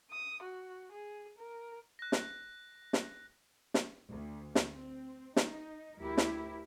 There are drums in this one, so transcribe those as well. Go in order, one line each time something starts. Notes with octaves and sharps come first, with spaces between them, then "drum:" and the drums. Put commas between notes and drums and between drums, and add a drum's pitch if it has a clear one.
D#6
F#4
G#4
A#4
F#6 A#6
drum: snare
drum: snare
drum: snare
D2
drum: snare
C4
D#4, drum: snare
D2 E4 G4 A#4
drum: snare